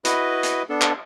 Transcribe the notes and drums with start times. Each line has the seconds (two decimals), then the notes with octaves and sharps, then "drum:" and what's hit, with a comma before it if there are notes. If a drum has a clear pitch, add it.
0.05 E4 F#4 B4 D#5, drum: hi-hat
0.43 drum: hi-hat
0.69 B3 D4 A4
0.82 drum: clap